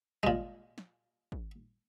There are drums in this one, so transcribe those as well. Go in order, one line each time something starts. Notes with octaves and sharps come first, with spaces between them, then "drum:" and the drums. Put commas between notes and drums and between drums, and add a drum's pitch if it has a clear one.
A#2 G#3, drum: kick
drum: snare
drum: kick